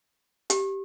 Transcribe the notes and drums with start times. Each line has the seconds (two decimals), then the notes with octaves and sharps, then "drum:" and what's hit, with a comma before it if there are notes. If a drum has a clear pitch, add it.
0.50 G4, drum: hi-hat